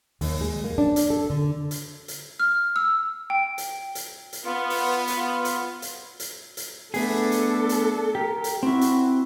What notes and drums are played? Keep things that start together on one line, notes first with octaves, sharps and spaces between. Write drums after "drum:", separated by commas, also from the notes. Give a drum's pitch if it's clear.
D#2, drum: open hi-hat
G#3
A#3
D4
drum: hi-hat
A4
D3
drum: hi-hat
drum: hi-hat
F6
E6
G5
drum: hi-hat
drum: hi-hat
drum: hi-hat
B3 F4
drum: open hi-hat
drum: hi-hat
F4
drum: hi-hat
drum: hi-hat
drum: hi-hat
drum: hi-hat
A3 B3 D4 G#4 A4, drum: open hi-hat
drum: hi-hat
drum: hi-hat
G4 A#4
drum: hi-hat
C4 E4 F#4
drum: hi-hat